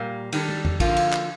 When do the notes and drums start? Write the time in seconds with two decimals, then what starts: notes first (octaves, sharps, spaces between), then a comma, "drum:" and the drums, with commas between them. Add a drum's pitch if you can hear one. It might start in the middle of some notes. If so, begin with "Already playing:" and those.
Already playing: A#2 G3 A#3
0.32 D#3 G3 D4 A4, drum: cymbal
0.49 drum: tom
0.65 drum: tom E2
0.80 D3 F3 A#3 F4, drum: kick, cymbal
0.97 drum: cymbal
1.12 drum: clap